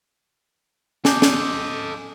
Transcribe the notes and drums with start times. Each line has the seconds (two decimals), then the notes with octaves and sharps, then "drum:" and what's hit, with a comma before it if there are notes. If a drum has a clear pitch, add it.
1.05 A4 D#5 G#5 D6 G6, drum: snare
1.22 drum: snare